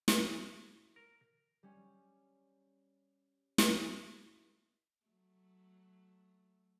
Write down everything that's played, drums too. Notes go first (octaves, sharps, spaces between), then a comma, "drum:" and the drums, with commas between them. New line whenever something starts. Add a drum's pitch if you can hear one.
drum: snare
C5
A#4
G3 C#4
drum: snare
F#3 A3